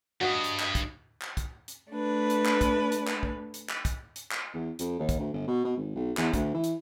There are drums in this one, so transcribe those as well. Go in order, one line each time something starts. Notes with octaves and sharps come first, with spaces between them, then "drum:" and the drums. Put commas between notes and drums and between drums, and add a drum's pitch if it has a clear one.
G2 F#4 D#5
drum: hi-hat
drum: clap
drum: kick, hi-hat
drum: clap
drum: kick, hi-hat
drum: hi-hat
A3 D4 B4
drum: hi-hat
drum: clap
drum: kick, hi-hat
drum: hi-hat
drum: clap
drum: kick
drum: hi-hat
drum: clap
drum: kick, hi-hat
drum: hi-hat
drum: clap
E2
F2, drum: hi-hat
D#2
drum: kick, hi-hat
D2
G1
B2
B2
G#1
B1
E2, drum: clap
D2, drum: kick, hi-hat
E3
drum: hi-hat